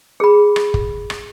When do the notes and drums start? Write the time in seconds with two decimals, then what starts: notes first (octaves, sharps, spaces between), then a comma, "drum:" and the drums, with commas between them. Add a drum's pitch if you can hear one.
0.20 G#4 B5
0.56 drum: rim click
0.74 drum: kick
1.10 drum: rim click